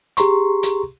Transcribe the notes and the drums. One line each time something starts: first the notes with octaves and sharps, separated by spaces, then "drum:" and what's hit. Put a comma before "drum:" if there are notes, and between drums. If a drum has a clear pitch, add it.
G4 G#4 A#5 C6 C#6, drum: hi-hat
drum: hi-hat